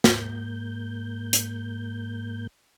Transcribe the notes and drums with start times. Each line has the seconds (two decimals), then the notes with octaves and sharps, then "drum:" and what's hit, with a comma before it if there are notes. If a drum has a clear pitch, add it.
0.04 G#2 A#3 G6, drum: snare
1.33 drum: hi-hat